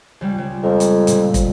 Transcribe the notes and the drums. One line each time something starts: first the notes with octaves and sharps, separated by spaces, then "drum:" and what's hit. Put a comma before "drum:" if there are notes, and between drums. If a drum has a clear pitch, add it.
C#2 G3
C#2
F2 A#4
drum: hi-hat
A#2 D3, drum: hi-hat
drum: kick, hi-hat